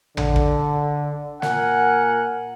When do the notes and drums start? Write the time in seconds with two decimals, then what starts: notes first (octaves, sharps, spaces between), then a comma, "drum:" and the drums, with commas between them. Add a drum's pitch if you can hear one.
0.17 D3, drum: tom
0.36 drum: kick
1.42 A#2 A#4 F#5 G#5, drum: snare